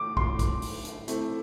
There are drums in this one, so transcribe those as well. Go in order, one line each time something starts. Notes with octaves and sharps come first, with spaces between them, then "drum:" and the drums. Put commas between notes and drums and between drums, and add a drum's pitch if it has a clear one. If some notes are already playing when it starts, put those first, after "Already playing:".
Already playing: A2 F3 D6
C6, drum: kick
drum: kick, hi-hat
drum: open hi-hat
drum: hi-hat
A3 C4 E4, drum: hi-hat